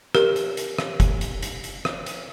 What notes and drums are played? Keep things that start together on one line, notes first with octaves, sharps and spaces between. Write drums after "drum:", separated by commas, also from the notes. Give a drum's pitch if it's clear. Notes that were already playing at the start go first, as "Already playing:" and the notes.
G4 A#4, drum: rim click
drum: hi-hat
drum: hi-hat
drum: rim click
drum: kick F#1, hi-hat
drum: hi-hat
drum: hi-hat
drum: hi-hat
drum: rim click
drum: hi-hat